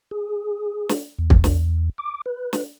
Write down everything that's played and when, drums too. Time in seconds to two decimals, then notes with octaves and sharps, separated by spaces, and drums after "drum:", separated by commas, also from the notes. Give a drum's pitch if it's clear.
0.11 G#4
0.89 drum: snare
1.18 E2
1.30 drum: kick
1.44 drum: snare
1.98 D6
2.26 B4
2.53 drum: snare